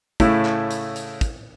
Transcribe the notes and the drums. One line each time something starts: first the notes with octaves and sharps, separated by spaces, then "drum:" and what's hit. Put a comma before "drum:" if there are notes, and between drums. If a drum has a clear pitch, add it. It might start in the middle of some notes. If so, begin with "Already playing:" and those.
A2 C#3 A3 E4, drum: kick, hi-hat
drum: clap
drum: hi-hat
drum: hi-hat
drum: kick, hi-hat